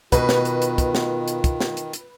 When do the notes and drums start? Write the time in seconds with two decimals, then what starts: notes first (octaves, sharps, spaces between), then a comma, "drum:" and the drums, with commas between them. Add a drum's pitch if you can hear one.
0.12 B2 D#3 F4 B4, drum: kick, hi-hat
0.29 drum: snare
0.45 drum: hi-hat
0.62 drum: hi-hat
0.78 drum: kick, hi-hat
0.95 drum: snare
1.28 drum: hi-hat
1.44 drum: kick, hi-hat
1.60 drum: snare
1.77 drum: hi-hat
1.93 drum: hi-hat